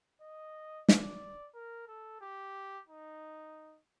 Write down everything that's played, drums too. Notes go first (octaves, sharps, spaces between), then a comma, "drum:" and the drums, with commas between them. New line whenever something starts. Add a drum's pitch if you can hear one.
D#5
D5, drum: snare
A#4
A4
G4
D#4